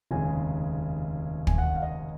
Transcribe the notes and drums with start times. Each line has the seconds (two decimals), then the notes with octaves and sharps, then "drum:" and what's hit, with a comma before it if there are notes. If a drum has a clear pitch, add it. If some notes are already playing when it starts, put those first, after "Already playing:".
0.11 F1 D#2 C#3 G#3 G#5
1.47 G#5, drum: kick
1.58 F#5
1.76 F5
1.82 D#5